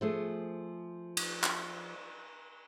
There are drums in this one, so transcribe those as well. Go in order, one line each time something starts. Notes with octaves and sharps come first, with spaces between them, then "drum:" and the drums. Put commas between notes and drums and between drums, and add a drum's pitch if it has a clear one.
F3 A3 G#4
drum: cymbal
drum: clap